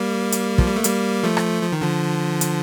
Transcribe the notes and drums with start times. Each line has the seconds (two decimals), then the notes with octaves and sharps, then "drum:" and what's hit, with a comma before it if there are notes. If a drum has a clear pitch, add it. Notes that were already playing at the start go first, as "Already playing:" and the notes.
Already playing: G3 A#3
0.32 drum: hi-hat
0.58 F3, drum: kick
0.67 G3
0.76 A3
0.84 G3 A#3, drum: hi-hat
1.24 F3 A3
1.37 drum: rim click
1.63 F3
1.72 D#3
1.81 D3 F3
2.41 drum: hi-hat